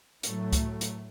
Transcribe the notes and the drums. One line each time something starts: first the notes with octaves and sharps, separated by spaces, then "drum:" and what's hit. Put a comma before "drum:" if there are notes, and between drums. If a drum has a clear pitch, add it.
A2 F#3 A3, drum: hi-hat
drum: kick C#2, hi-hat
drum: hi-hat